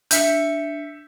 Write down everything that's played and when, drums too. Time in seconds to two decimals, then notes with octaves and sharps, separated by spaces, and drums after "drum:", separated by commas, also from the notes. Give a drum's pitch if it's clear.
0.11 D4 E5 G6 B6 C#7, drum: hi-hat